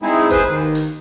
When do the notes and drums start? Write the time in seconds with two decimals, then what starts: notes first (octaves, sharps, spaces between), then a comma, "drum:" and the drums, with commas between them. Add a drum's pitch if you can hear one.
0.02 G#3 C4 D#4 E4 G#4
0.30 G#4 B4 C5, drum: kick G1, hi-hat
0.47 D#2
0.75 drum: hi-hat